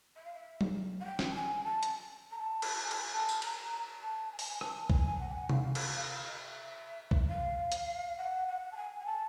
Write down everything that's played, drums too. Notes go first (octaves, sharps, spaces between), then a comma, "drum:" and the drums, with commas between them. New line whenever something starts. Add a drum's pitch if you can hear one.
E5
F5
E5
drum: tom F#3
F#5
G5
drum: snare
A5
G#5
A5
drum: hi-hat
A#5
A5
drum: cymbal
G#5
A5, drum: cymbal
G#5
A5
drum: tambourine
A#5, drum: cymbal
A5
G#5
A5, drum: open hi-hat
G#5
A5, drum: rim click
G#5, drum: kick
F#5
G5
F#5
F5, drum: tom C3
drum: cymbal
D#5
E5
drum: kick
F5
drum: hi-hat
F#5
F#5
A5
G#5
G#5
A5